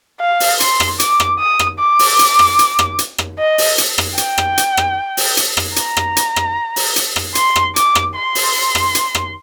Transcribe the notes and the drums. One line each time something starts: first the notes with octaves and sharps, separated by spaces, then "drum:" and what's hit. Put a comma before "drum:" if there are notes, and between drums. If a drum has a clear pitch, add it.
F5
drum: open hi-hat
C6, drum: hi-hat
drum: rim click
D6, drum: hi-hat
drum: rim click
D#6
drum: rim click
D6
drum: open hi-hat
drum: hi-hat
drum: rim click
drum: hi-hat
drum: rim click
drum: hi-hat
drum: rim click
D#5
drum: open hi-hat
drum: hi-hat
drum: rim click
G5, drum: hi-hat
drum: rim click
drum: hi-hat
drum: rim click
drum: open hi-hat
drum: hi-hat
drum: rim click
A#5, drum: hi-hat
drum: rim click
drum: hi-hat
drum: rim click
drum: open hi-hat
drum: hi-hat
drum: rim click
C6, drum: hi-hat
drum: rim click
D6, drum: hi-hat
drum: rim click
C6
drum: open hi-hat
drum: rim click
drum: hi-hat
drum: rim click